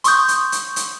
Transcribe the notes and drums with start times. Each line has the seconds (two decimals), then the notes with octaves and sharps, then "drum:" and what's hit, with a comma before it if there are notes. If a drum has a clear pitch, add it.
0.04 C6 C#6 D#6 G6, drum: hi-hat
0.28 drum: hi-hat
0.52 drum: hi-hat
0.76 drum: hi-hat